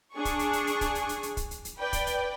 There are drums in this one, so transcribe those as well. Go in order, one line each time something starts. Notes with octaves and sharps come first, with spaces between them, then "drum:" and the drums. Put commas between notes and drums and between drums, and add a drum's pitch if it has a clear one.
D4 G#4 C#6
drum: kick, hi-hat
drum: hi-hat
drum: hi-hat
drum: hi-hat
drum: kick, hi-hat
drum: hi-hat
drum: hi-hat
drum: hi-hat
drum: kick, hi-hat
drum: hi-hat
drum: hi-hat
B4 D5 G5
drum: kick, hi-hat
drum: hi-hat